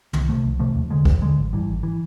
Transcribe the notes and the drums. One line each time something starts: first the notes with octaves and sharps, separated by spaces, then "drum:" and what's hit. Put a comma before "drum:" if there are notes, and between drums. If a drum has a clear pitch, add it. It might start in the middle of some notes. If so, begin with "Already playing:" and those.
C2, drum: tom
C3 F3 A3
C2
C3 F3 A3
D#2
D3 F3 G#3
D#2, drum: kick
D3 F3 G#3
G#1
G2 E3
G#1
E3